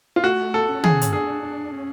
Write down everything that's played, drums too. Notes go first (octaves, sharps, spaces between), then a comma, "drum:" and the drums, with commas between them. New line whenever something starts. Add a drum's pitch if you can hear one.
F4
A3 F#4
A4
C#4
G#4, drum: tom
drum: hi-hat
D4 G#4
D4
C#4